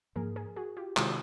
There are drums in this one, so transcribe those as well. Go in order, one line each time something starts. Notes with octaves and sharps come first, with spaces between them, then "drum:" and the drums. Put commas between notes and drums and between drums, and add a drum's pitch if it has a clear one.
G#2 F3 A#3 G#4 A#4
G#4 A#4
F#4 G#4
F4 G4
C3 D#3 G#3 E4 F#4, drum: clap